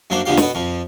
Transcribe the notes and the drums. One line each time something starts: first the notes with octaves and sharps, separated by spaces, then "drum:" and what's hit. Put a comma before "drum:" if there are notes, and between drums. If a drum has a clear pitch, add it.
F#2 F#3 A#3 D4 C5
A#1 F2 D3 F3 G4 F5
B2 B3, drum: snare
F2 F3